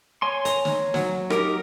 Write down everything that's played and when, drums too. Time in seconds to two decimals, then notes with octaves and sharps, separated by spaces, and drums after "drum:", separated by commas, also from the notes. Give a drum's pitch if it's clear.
0.22 C#5 G#5 C6
0.45 A#5, drum: hi-hat
0.65 drum: snare
0.94 F#3, drum: snare
1.30 D#4 G4 A#4, drum: rim click